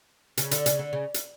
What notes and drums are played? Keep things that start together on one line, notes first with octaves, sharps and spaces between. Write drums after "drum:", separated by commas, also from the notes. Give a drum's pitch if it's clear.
C#3, drum: hi-hat
D3, drum: hi-hat
C#3, drum: hi-hat
D3
C#3
drum: hi-hat